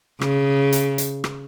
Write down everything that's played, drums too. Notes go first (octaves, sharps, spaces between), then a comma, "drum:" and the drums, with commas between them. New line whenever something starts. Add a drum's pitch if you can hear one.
C#3, drum: rim click
drum: hi-hat
drum: hi-hat
drum: rim click